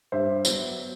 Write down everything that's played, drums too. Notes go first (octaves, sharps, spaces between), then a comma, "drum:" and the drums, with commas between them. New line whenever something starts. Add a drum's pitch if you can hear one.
G2 C5 E5
F#3 B3, drum: tambourine